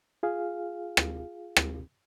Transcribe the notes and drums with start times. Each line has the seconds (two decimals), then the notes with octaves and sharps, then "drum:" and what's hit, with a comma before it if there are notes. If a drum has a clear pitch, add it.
0.23 F4 G#4 F5
0.97 drum: rim click
1.56 drum: rim click